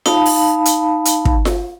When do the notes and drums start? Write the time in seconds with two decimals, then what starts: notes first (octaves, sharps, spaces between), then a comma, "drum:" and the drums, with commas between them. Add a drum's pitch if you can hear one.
0.06 D#4 F5 A5 B5, drum: snare F4
0.26 drum: open hi-hat
0.65 drum: hi-hat
1.05 drum: hi-hat
1.25 drum: kick
1.45 drum: snare F4